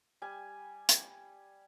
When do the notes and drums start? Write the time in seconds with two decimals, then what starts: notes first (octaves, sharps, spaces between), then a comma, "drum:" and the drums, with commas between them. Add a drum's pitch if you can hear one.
0.22 G3 G#5
0.89 drum: hi-hat